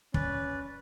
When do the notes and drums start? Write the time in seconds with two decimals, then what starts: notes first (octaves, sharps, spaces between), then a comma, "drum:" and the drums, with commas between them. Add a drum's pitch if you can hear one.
0.14 C#4 B4 D5, drum: kick